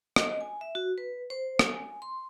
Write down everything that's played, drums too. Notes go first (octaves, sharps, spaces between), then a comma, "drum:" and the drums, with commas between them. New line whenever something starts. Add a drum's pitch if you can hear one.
D#5, drum: rim click
G#5
E5
F#4
B4
C5
drum: rim click
G#5
C6